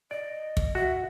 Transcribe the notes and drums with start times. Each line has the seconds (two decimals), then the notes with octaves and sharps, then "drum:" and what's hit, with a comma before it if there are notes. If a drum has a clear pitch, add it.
0.11 D5 D#5
0.57 drum: kick
0.75 F#4 E5